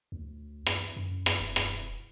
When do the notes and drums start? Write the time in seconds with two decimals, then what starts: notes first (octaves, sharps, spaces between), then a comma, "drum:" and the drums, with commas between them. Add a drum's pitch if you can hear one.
0.12 D2
0.67 drum: rim click
0.96 F#2
1.26 drum: rim click
1.40 E1
1.56 drum: rim click